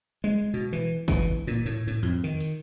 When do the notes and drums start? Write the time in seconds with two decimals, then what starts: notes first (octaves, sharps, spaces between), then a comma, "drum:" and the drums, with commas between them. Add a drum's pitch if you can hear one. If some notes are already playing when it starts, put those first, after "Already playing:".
0.24 G#3
0.54 B2
0.73 E3
1.08 E3, drum: kick, hi-hat
1.47 A#2
1.66 A2
1.87 A2
2.03 F2
2.24 D#3
2.41 drum: hi-hat